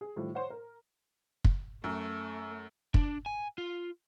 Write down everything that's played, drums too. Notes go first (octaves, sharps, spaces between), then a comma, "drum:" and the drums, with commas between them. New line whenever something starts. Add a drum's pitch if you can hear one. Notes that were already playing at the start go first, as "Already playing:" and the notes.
G#4
A2 D#3 F3 G3
C5 C#5 F#5
A#4
drum: kick
F#2 A3
D4, drum: kick
G#5
F4